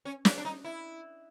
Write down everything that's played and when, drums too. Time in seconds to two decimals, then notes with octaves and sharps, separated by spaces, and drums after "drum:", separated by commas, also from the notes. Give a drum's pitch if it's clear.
0.05 C#4
0.25 D4, drum: snare
0.38 D4
0.45 D#4
0.64 E4